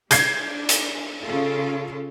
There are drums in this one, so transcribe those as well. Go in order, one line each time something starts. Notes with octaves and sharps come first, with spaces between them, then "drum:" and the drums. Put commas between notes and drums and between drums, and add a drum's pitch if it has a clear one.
G3 G6 G#6 C7, drum: hi-hat
D4
drum: hi-hat
C#3 F4 A4